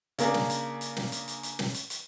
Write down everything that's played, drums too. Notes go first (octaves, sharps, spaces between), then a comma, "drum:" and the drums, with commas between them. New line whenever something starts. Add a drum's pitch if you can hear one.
C#3 A#3 D4, drum: hi-hat
drum: snare
drum: hi-hat
drum: hi-hat
drum: snare
drum: hi-hat
drum: hi-hat
drum: hi-hat
drum: snare
drum: hi-hat
drum: hi-hat